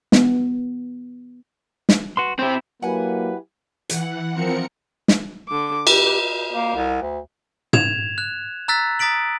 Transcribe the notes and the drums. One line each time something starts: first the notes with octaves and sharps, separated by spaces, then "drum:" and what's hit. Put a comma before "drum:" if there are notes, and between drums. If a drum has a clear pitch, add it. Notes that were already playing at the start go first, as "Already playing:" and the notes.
B3, drum: snare
drum: snare
F#4 B4 C6
C3 C4 E4 G6
F#3 A#3 E4 G4 B4 F#5 G#5
E3 F#5, drum: hi-hat
F3 C4 A#4 C#7
drum: snare
D3 D6
G4 B4, drum: cymbal
A#3
C2
D2
G#6 E7 F7, drum: tom
F#6
A#5 E6 F#6 A6 B6
A#5 D#6 A6 B6 D7 F#7